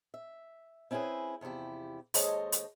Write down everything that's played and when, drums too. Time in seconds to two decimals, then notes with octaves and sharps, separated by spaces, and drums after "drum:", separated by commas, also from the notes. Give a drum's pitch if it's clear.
0.14 E5
0.91 C4 C#4 E4 G4 G#4 B4
1.41 E2 C3 F3 E4 G4
2.14 D#2 G#3 A4 C5 C#5 D#5, drum: open hi-hat
2.52 drum: hi-hat